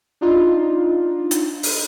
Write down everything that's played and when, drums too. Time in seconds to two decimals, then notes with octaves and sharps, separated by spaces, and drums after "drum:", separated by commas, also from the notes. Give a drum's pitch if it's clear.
0.21 D4 D#4 F4
1.31 drum: hi-hat
1.63 drum: open hi-hat